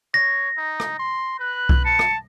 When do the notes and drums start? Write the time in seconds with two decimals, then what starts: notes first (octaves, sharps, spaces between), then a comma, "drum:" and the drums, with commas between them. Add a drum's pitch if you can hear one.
0.14 C#5 A#6
0.57 D#4
0.80 drum: rim click
0.99 C6
1.40 B4 F#6
1.69 drum: kick C2
1.85 A5 C#7
1.99 drum: rim click